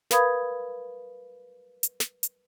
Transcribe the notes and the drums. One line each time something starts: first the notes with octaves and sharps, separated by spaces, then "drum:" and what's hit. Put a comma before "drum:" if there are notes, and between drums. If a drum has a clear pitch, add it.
A#4 B4 F5 B5 D#6 G#6, drum: snare
drum: hi-hat
drum: snare
drum: hi-hat